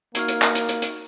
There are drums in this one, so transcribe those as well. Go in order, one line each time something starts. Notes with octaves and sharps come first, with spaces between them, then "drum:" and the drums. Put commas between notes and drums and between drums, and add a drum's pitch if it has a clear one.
A#3 D#4 F#4 F6, drum: hi-hat
drum: hi-hat
drum: clap
drum: hi-hat
drum: hi-hat
drum: hi-hat